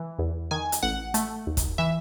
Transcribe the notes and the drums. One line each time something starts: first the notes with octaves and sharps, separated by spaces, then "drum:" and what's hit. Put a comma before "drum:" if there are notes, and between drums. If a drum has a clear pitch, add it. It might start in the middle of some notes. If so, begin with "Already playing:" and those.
Already playing: E3
E2
D#3 G#5
drum: hi-hat
A1 F#5
A3, drum: hi-hat
D#2
drum: kick, hi-hat
E3 E5